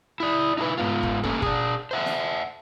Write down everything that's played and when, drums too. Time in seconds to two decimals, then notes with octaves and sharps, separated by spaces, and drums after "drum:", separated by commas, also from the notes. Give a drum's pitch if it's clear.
0.20 E4 D5
0.58 D#4 E4 A4 B4
0.78 G#2 B3 F4
1.03 drum: kick
1.24 A#3 C#4 A4, drum: kick
1.42 D4 G#4, drum: kick
1.91 C5 E5 F#5
2.06 drum: snare